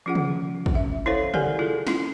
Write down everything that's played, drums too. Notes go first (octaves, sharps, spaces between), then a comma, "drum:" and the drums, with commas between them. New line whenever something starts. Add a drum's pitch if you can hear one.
F3 C#4 F4 G#4 F#5
drum: tom
drum: kick
C#4 E5
E4 A4 C5 C#5 F5
G4 A4 A#4 D5 F#5 G#5, drum: tom
E4 F4 G#4 A4
C#4 E4 F4, drum: snare